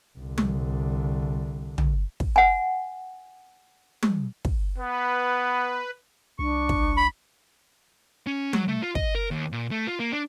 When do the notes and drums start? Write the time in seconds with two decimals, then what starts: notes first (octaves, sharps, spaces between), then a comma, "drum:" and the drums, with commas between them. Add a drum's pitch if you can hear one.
0.18 C2 D3
0.38 drum: tom
1.78 drum: tom
2.20 drum: kick
2.36 F#5 G#5
4.03 drum: tom
4.45 drum: kick
4.78 B3 B4
6.39 C2 D4 C#6
6.69 drum: kick
6.97 B5
8.27 C#4
8.53 F#3, drum: tom
8.68 A3
8.82 F4
8.95 D#5, drum: kick
9.15 A#4
9.31 D#2
9.52 A#2
9.71 A3
9.87 F4
10.00 A#3
10.12 D4